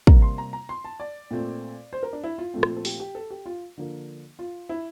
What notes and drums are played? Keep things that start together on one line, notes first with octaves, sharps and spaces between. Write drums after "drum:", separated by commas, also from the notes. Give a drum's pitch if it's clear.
C3 G3 A#3 A#5, drum: kick
C6
A#5
A#5
C6
A5
D5
A#2 A3 C4
C5
A#4
D4
E4
F4
A#2 F3 A3 C4
drum: rim click
A4
G4, drum: open hi-hat
G4
A4
G4
F4
D3 F3 A#3
F4
E4